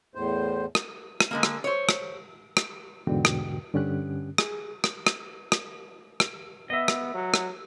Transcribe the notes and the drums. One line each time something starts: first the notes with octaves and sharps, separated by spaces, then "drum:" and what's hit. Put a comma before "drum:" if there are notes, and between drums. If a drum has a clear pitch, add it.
E2 A2 C5
drum: rim click
drum: rim click
D3 G#3 A#3
drum: rim click
C5 C#5
drum: rim click
drum: rim click
E2 G#2 B2 D3 F#4 G5
drum: rim click
G2 D3 C#4 G4 F#6
G#4, drum: rim click
drum: rim click
drum: rim click
drum: rim click
drum: rim click
B3 D#5 E5
drum: rim click
F#3
drum: rim click